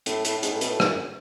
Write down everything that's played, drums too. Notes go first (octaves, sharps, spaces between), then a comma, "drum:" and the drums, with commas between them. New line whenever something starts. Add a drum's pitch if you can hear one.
A2, drum: hi-hat
A2, drum: hi-hat
A2
G#2, drum: hi-hat
A2
B2, drum: hi-hat
A2
G#2, drum: rim click
F#2